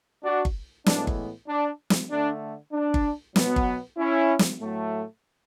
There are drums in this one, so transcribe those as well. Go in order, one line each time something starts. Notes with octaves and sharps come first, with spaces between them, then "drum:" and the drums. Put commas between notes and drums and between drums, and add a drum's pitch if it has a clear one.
D4 F#4
drum: kick G1
A2 E3 G#3 B3 D4, drum: snare
drum: kick G1
D4
drum: snare
D3 A3 D4
D4
drum: kick G1
B2 F#3 B3, drum: snare
drum: kick G1
C#4 E4
drum: snare
A2 F#3 A3